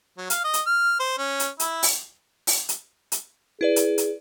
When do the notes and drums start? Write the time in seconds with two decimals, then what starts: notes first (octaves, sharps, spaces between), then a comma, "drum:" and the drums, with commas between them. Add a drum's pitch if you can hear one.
0.17 F#3
0.30 F5, drum: hi-hat
0.44 D#5
0.54 drum: hi-hat
0.67 F6
1.00 C5
1.18 C#4
1.40 drum: hi-hat
1.60 E4, drum: hi-hat
1.83 drum: open hi-hat
2.47 drum: open hi-hat
2.69 drum: hi-hat
3.12 drum: hi-hat
3.61 E4 G#4 B4 D5
3.76 drum: hi-hat
3.98 drum: hi-hat